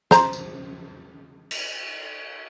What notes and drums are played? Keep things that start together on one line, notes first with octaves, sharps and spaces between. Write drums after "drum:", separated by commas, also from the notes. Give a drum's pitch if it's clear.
C5 A#5, drum: snare
drum: tambourine
drum: cymbal